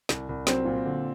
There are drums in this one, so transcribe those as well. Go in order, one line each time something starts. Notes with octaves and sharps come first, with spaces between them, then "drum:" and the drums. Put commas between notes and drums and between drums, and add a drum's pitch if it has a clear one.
C2, drum: snare
C2
F#3 C4, drum: snare
A#2
D3